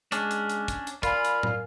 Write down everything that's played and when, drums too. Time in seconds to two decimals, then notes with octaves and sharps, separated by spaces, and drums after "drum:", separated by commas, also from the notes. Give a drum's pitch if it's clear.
0.12 G#3 C#4 D4, drum: hi-hat
0.31 drum: hi-hat
0.50 drum: hi-hat
0.68 drum: kick, hi-hat
0.87 drum: hi-hat
1.03 F4 A#4 D5 F5 G#5 B5, drum: kick, hi-hat
1.25 drum: hi-hat
1.43 drum: tom A2